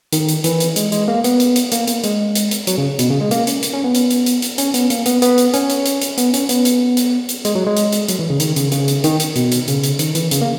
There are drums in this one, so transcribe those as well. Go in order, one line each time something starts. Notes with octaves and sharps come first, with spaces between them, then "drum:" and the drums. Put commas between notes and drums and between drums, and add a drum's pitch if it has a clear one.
D#3, drum: hi-hat
drum: hi-hat
E3, drum: hi-hat
drum: hi-hat
G#3, drum: hi-hat
G#3, drum: hi-hat
A#3
B3, drum: hi-hat
drum: hi-hat
drum: hi-hat
A#3, drum: hi-hat
A#3, drum: hi-hat
G#3, drum: hi-hat
drum: hi-hat
drum: hi-hat
F#3, drum: hi-hat
C#3
B2, drum: hi-hat
C#3
G#3
A#3, drum: hi-hat
C#4, drum: hi-hat
drum: hi-hat
C#4
B3
drum: hi-hat
drum: hi-hat
drum: hi-hat
drum: hi-hat
C#4, drum: hi-hat
B3, drum: hi-hat
A#3, drum: hi-hat
B3, drum: hi-hat
B3, drum: hi-hat
drum: hi-hat
C#4, drum: hi-hat
drum: hi-hat
drum: hi-hat
drum: hi-hat
B3, drum: hi-hat
C#4, drum: hi-hat
B3, drum: hi-hat
drum: hi-hat
drum: hi-hat
drum: hi-hat
G#3, drum: hi-hat
F#3
G#3
drum: hi-hat
drum: hi-hat
F#3, drum: hi-hat
E3
C#3
D#3, drum: hi-hat
C#3, drum: hi-hat
C#3, drum: hi-hat
drum: hi-hat
D#3, drum: hi-hat
drum: hi-hat
B2, drum: hi-hat
drum: hi-hat
C#3, drum: hi-hat
drum: hi-hat
D#3, drum: hi-hat
E3, drum: hi-hat
C#3, drum: hi-hat
A#3